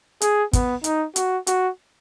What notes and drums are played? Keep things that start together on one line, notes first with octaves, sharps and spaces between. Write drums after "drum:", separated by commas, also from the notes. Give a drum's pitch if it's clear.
G#4, drum: hi-hat
B3, drum: kick, hi-hat
D#4, drum: hi-hat
F#4, drum: hi-hat
F#4, drum: hi-hat